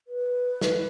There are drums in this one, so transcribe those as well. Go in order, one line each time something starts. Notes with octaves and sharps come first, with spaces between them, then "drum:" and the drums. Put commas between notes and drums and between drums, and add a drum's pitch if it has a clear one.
B4
drum: snare